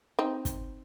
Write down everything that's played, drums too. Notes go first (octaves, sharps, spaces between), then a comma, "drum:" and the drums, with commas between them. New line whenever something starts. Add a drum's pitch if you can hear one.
C4 D#4
drum: kick, hi-hat